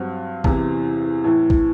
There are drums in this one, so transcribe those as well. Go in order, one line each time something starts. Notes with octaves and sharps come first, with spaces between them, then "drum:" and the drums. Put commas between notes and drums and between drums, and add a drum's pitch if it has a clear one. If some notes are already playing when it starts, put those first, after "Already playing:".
Already playing: G2 F#3 C4
E2 C3 E3, drum: kick A1
A2 E3
drum: kick A1